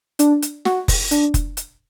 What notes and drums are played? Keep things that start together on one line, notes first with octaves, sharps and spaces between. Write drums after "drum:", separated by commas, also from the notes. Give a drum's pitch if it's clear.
D4, drum: hi-hat
drum: hi-hat
F#4, drum: snare
drum: kick F1, open hi-hat
D4, drum: hi-hat
drum: kick F1, hi-hat
drum: hi-hat